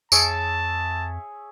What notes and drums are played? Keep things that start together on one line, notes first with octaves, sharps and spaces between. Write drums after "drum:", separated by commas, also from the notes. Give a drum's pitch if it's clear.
F2 G#4 C#5 E5 A5, drum: tambourine